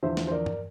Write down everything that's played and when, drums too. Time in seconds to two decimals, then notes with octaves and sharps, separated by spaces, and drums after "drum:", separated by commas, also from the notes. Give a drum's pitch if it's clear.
0.03 E2 D3 F3 C5 E5
0.17 drum: snare
0.27 C5
0.32 A#4 D5
0.46 drum: tom G2